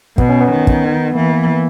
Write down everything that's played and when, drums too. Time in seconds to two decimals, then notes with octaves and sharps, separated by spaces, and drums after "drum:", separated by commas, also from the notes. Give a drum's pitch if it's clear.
0.18 B2 B3, drum: kick
0.29 C#4
0.41 B3
0.51 D#3
0.67 drum: kick
1.15 E3 A#3